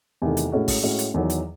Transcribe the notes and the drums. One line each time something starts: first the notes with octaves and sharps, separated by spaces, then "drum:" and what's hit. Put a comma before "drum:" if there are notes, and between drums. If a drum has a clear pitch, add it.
E2 C3 D#3 A3
drum: hi-hat
A2 G#3 C#4 F#4
drum: kick, open hi-hat
A2 G#3 C#4 F#4
drum: hi-hat
E2 D#3 F#3
drum: hi-hat